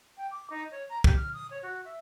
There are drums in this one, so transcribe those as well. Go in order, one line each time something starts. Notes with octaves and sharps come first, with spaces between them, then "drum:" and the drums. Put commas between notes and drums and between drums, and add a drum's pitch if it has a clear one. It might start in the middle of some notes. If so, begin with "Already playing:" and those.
G5
D6
D#4
C#5
A#5
G4, drum: kick
F6
D#6
C#5
F#4
E5